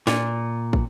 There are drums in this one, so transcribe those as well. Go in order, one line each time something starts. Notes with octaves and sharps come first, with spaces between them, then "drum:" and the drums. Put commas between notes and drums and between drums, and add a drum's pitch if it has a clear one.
A#2, drum: snare
drum: kick